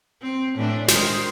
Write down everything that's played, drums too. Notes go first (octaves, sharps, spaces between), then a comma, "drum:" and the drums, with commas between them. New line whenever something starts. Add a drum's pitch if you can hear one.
C4
A2 E3 D4
D#3 G#3 C5, drum: snare